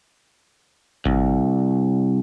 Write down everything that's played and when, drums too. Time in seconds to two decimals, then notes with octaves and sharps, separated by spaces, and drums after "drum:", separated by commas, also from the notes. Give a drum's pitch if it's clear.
1.06 C2, drum: kick G#1